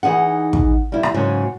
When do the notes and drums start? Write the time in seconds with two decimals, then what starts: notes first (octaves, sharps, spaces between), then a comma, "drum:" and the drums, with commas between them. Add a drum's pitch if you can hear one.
0.03 E3 D#4 G#4 F#5
0.53 drum: kick
0.92 G3 E4
1.03 drum: rim click
1.14 G#2 C#3 F#3